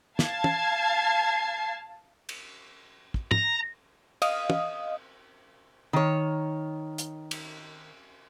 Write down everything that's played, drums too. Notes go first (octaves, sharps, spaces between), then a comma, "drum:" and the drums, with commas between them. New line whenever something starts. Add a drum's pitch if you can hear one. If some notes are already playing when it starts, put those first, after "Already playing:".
F5 A5 G#6 C7, drum: snare
drum: tom
drum: cymbal
drum: kick
A#5, drum: tom
D#5 F5 D#6, drum: cymbal
drum: tom
D#3 C#5
drum: hi-hat
drum: cymbal